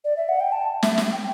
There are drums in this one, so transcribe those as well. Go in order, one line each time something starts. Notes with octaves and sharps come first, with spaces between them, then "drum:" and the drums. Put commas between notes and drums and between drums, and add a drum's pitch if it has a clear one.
D5
E5
F#5
G5
A5
E5, drum: snare
drum: snare
G5